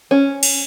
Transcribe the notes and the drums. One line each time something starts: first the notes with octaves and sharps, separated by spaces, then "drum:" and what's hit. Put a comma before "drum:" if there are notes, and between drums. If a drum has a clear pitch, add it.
C#4
drum: cymbal